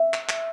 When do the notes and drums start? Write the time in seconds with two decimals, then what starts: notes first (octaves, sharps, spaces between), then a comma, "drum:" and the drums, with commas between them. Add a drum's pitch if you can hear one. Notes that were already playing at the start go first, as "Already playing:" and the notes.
Already playing: E5
0.14 drum: clap
0.29 drum: clap